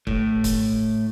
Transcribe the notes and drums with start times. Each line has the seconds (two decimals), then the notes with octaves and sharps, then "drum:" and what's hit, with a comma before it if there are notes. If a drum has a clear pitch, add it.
0.07 A2, drum: kick
0.44 drum: kick, hi-hat